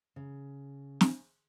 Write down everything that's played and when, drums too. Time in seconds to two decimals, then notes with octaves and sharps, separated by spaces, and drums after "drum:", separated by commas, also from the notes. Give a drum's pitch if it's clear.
0.16 C#3
1.01 drum: snare